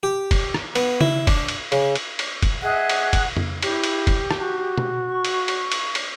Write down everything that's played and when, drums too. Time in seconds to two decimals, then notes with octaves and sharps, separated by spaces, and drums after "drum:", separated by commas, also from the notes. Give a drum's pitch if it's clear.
0.03 G4
0.31 drum: kick, cymbal
0.54 drum: rim click
0.76 B3, drum: cymbal
1.01 E4, drum: tom C#3
1.27 D4, drum: kick, cymbal
1.48 drum: cymbal
1.72 C#3, drum: cymbal
1.95 drum: cymbal
2.19 drum: cymbal
2.43 drum: kick, cymbal
2.62 G#4 D#5 E5 F#5 F#6
2.90 drum: cymbal
3.13 drum: kick, cymbal
3.37 drum: tom F2
3.63 E4 G4, drum: cymbal
3.84 drum: cymbal
4.07 drum: kick, cymbal
4.31 drum: rim click
4.40 F#4
4.78 drum: tom B2
5.09 C#6
5.25 drum: cymbal
5.48 drum: cymbal
5.72 drum: cymbal
5.95 drum: cymbal